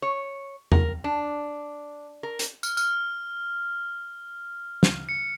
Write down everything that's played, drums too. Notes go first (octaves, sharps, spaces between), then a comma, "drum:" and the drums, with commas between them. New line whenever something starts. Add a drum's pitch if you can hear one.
C#5
A#4, drum: tom E2
D4
A#4
drum: hi-hat
F6, drum: tambourine
F6, drum: tambourine
drum: snare
C#7